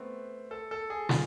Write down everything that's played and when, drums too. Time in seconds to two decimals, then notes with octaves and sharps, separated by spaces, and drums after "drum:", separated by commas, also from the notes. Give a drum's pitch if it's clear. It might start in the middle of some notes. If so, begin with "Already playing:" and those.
Already playing: A3 B3 C4
0.51 A4
0.71 A4
0.90 G#4
1.09 F4, drum: snare